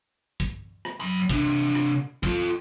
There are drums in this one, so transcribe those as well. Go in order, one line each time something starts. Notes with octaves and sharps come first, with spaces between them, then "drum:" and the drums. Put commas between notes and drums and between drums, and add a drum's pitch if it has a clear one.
drum: kick
drum: rim click
F#2 B5
C3 D4, drum: kick
drum: rim click
F4 A4, drum: kick